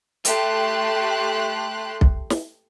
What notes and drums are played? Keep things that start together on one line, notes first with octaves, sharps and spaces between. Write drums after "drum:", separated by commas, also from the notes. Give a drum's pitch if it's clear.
A3 G4 C6 F#6, drum: hi-hat
drum: kick B1
drum: snare